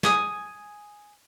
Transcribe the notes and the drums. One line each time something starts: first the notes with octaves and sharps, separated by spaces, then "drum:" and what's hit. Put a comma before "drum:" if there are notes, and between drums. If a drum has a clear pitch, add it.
G#5 D#6, drum: snare